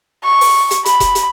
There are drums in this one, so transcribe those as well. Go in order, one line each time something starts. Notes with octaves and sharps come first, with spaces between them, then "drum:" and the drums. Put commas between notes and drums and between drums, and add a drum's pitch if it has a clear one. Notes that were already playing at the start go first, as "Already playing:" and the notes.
C#6
drum: open hi-hat
drum: hi-hat
B5, drum: hi-hat
drum: kick F1, hi-hat
drum: hi-hat